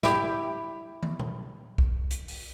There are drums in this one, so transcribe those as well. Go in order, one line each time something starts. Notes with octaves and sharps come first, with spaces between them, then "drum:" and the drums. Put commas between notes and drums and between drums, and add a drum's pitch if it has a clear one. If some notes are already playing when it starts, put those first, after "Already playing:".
E4 G4, drum: snare
drum: tom
drum: tom A#2
drum: kick
drum: hi-hat
drum: open hi-hat